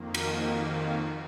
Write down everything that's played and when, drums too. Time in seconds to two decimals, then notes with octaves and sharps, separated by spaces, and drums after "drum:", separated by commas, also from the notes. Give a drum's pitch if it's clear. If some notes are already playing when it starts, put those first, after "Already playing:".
Already playing: F2 D#3 A#3
0.14 G4, drum: cymbal
0.42 G4
0.71 A4